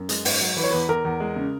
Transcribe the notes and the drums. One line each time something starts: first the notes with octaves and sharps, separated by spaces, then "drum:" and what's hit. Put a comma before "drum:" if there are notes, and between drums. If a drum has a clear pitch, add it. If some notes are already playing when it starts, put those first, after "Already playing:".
Already playing: F#2
G#3, drum: hi-hat
G#2, drum: open hi-hat
F#3
E3 B4
C#5
E2 B4
E2 A#4
E2
G#3
C#3